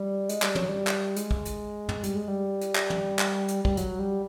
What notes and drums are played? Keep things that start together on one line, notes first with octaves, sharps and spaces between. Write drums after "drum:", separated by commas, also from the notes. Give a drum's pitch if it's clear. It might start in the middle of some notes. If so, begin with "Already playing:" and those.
Already playing: G3
G#3, drum: hi-hat
G3, drum: clap
F#3, drum: tom
G3
drum: clap
G#3, drum: hi-hat
drum: kick
drum: hi-hat
drum: tom
G3, drum: hi-hat
G#3
G3
drum: hi-hat
drum: clap
drum: tom
drum: clap
drum: hi-hat
G3, drum: kick
F#3, drum: hi-hat
G3